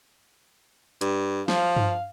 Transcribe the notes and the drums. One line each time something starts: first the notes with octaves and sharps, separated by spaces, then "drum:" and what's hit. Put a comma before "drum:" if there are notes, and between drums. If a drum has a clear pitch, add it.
G2, drum: hi-hat
F3 F5, drum: snare
drum: tom G2